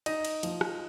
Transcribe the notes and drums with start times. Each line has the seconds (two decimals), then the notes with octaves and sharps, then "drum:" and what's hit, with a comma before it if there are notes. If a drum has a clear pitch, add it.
0.06 D#4 D#5, drum: cymbal
0.25 drum: cymbal
0.43 F3, drum: cymbal
0.61 drum: rim click